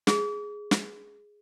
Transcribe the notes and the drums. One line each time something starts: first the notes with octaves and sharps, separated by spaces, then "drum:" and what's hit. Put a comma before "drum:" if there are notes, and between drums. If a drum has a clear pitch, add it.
G#4, drum: snare
drum: snare